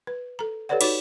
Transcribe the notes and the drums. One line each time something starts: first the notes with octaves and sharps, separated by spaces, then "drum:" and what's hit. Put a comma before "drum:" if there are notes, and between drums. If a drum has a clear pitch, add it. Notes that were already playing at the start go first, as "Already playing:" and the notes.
B4
A4 A#5
G4 A4 B4 C#5 D5 F#5
D#4 F#4 C#5, drum: cymbal